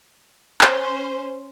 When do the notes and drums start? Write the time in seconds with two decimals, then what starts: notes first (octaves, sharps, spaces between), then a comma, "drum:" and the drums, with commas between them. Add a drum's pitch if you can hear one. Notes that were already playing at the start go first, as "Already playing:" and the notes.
0.61 C#4 C5, drum: clap